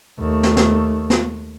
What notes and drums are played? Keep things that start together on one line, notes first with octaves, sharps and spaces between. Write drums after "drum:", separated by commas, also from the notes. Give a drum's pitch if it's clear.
D#2 A3
drum: snare
drum: snare
drum: snare